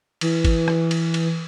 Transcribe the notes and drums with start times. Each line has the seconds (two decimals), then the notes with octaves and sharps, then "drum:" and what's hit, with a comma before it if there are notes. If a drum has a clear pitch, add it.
0.21 E3, drum: cymbal
0.45 drum: kick G#1, cymbal
0.68 drum: rim click
0.91 drum: cymbal
1.14 drum: cymbal